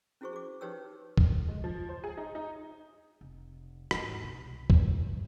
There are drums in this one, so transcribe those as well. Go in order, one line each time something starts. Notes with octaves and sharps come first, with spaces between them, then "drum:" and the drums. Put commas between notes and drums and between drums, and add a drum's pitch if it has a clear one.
C#4 E4 F#4 G#4 C5 C#6
G#4 D6
D#4 G4 B4 C#5 G5 E6
drum: kick
G#3
F3
C5
G#4
D#4
D#4
F1
E2 G#2, drum: rim click
C2 B2
G2 A#2, drum: kick